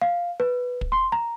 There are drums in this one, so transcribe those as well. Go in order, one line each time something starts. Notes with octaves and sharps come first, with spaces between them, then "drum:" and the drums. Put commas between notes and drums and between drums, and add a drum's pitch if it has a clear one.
F5
B4
drum: kick
C6
A#5